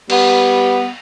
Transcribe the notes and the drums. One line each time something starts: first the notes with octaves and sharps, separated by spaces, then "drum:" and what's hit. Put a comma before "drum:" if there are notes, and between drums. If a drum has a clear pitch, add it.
G3 B3, drum: cymbal